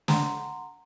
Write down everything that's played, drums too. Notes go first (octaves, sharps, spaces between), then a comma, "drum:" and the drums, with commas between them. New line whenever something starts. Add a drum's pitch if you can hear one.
F#5 A#5 C6, drum: snare